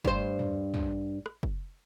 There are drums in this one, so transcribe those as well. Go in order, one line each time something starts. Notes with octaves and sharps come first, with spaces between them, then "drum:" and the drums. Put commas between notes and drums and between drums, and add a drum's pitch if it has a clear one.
G2 C5, drum: kick
drum: tom
drum: tom
drum: rim click
drum: kick